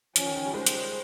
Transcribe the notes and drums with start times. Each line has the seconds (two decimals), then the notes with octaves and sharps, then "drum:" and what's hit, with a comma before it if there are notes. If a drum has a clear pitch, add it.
0.16 F3 C#4, drum: hi-hat
0.26 D#3
0.36 D#3
0.45 G3
0.54 G#3 C5
0.67 drum: hi-hat